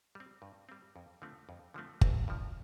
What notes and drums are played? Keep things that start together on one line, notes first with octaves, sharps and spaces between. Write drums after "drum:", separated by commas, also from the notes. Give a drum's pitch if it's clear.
G3 C4
G2
G3 C4
F2
D3 F3 A3 C4
F2
D3 F3 A3 C4
A1 C4, drum: kick G1
G2 F3